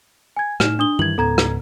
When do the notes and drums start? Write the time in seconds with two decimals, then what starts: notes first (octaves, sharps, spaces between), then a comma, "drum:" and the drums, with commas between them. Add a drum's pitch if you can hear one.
0.37 G#5 G#6
0.60 A2 D#4 F6 E7, drum: rim click
0.79 D4 D#6 G7
0.99 G2 D#3 E3 G#6 F#7
1.18 C#2 G#2 B3 A4 A#5 G#6
1.38 drum: rim click